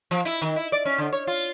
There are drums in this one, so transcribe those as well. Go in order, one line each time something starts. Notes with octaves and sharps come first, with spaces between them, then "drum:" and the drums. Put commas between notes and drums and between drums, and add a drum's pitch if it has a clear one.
F3, drum: hi-hat
E4, drum: hi-hat
D#3, drum: hi-hat
E4
D5
C#4
D3
C#5
F4